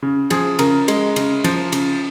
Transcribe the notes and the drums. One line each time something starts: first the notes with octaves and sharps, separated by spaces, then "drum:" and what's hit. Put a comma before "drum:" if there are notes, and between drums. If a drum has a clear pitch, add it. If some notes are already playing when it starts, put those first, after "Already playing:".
C#3
F3 G#4, drum: cymbal
C#3 A#4, drum: cymbal
G#3, drum: cymbal
C#3, drum: cymbal
F3, drum: cymbal
C#3, drum: cymbal